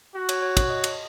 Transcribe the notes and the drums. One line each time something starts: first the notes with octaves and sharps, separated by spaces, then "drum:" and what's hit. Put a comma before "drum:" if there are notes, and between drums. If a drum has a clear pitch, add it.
F#4
C#5, drum: cymbal
C#5
C#5, drum: kick, cymbal
D#5
drum: cymbal